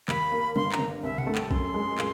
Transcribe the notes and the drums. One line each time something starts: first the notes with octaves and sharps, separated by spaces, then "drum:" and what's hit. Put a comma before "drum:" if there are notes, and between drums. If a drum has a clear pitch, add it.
D#2 B5, drum: clap
A#3
G1 C6, drum: tom G3
A#5, drum: clap
G1
C2 E5
F#5, drum: tom B2
A3
G5, drum: clap
F#2 C6, drum: kick
G#3
A#2, drum: clap